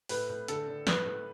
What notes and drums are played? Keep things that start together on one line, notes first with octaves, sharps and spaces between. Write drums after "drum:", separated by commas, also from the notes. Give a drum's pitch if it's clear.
A2 B4, drum: open hi-hat
A2
D3 A4, drum: hi-hat
D3
A2 B4, drum: snare
A2